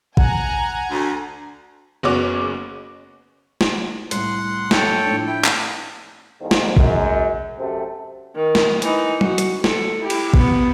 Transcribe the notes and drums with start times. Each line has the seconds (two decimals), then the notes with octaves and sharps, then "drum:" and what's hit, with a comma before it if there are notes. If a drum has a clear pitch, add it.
0.17 F#5 G#5 A#5, drum: kick
0.90 D2
2.03 F#1 B3 F#4 G#4 C#5 D6
3.61 drum: snare
4.11 C2 A2 F#5 C6, drum: hi-hat
4.71 A4 C#5 G5, drum: snare
5.05 A2 F3 D4
5.26 E4 G5
5.44 drum: clap
6.41 E2 G#2 D3 D#3 F3
6.51 drum: snare
6.77 F#2 G#3, drum: kick
7.58 F#2 C3 A3 C4
8.36 D#3
8.55 drum: snare
8.82 E3 D#4, drum: hi-hat
9.21 F#4, drum: tom
9.38 drum: hi-hat
9.64 A4, drum: snare
10.01 E4 G4
10.10 drum: cymbal
10.34 B3, drum: kick